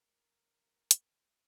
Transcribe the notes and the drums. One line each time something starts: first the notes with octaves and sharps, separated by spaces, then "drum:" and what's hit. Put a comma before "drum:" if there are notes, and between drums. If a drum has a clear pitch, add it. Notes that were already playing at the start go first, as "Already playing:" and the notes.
Already playing: A#4
G2 D#3 G3
drum: hi-hat